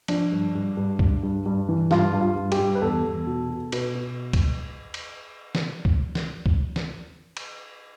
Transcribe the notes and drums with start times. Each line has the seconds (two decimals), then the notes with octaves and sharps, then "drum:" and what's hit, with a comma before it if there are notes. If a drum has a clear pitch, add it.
0.08 F3 D4, drum: cymbal
0.32 G2
0.55 G2
0.77 G2
0.99 G2, drum: kick C#2
1.23 G2
1.46 G2
1.69 E3
1.91 G2 F4, drum: snare
2.14 G2
2.21 F4
2.36 G2
2.52 G4, drum: cymbal
2.59 G2
2.75 B4
2.82 E2 A4
3.05 E2
3.27 B2
3.50 B2
3.72 B2 B4, drum: cymbal
3.95 B2
4.33 drum: kick C#2, cymbal
4.94 drum: cymbal
5.55 drum: snare
5.85 drum: kick C#2
6.15 drum: snare
6.46 drum: kick C#2
6.76 drum: snare
7.37 drum: cymbal